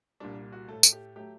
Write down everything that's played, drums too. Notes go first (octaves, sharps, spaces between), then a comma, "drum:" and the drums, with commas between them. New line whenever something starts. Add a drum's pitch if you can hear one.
C2 A#2 G3 D4
F#4
A2 A3 A4
drum: tambourine
G4
F#3 A3 G4